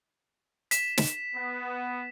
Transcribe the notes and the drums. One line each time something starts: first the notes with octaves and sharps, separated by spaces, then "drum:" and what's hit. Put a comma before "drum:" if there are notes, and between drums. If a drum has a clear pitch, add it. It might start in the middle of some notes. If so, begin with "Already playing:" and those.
B6 E7, drum: hi-hat
drum: snare
B3